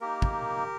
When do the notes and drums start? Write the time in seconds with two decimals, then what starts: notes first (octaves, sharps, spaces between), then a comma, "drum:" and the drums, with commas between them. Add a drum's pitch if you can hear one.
0.01 A#3 D#4 G4 A#4
0.22 drum: kick